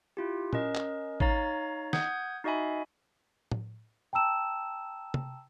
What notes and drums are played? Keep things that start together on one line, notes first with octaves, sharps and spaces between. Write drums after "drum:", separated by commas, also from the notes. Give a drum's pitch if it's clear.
E4 F4 G4
C#4 A#4 D#5, drum: tom
drum: clap
D#4 C#5 F5 A#5 A6, drum: kick G#1
F#5 D#6 G6 G#6, drum: snare
D#4 F#4 D#5 E5 G#5 B5
drum: tom A2
G5 A5 A#5 E6 E7
drum: tom C3